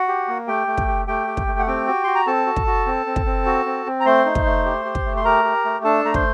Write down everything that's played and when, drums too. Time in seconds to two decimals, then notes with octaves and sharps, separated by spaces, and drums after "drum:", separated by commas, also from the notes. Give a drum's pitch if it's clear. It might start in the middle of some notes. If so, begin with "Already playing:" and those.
Already playing: F#4 F#5
0.08 G4
0.28 A#3
0.47 A3 G4 G5
0.67 A3
0.78 drum: kick
0.88 G4
1.07 A3 G4 G5
1.27 G4
1.37 drum: kick
1.47 A3
1.59 F#5
1.67 C4 G4 G5
1.87 F#4
2.04 F#4 C6
2.15 A#5
2.27 C4 A4 A5
2.46 F#4
2.56 drum: kick
2.67 F#4
2.86 C4
3.06 C4
3.16 drum: kick
3.26 C4
3.46 F#4
3.66 C4
3.86 C4
4.00 A#5
4.05 A3 C5 C6
4.25 D#4
4.35 drum: kick
4.46 A3
4.65 G4
4.85 G4
4.95 drum: kick
5.05 A3
5.16 C6
5.25 G4 A#4 A#5
5.44 G4
5.65 A3
5.84 D4 A4 A5
6.05 A3 A#5
6.14 C5 C6, drum: kick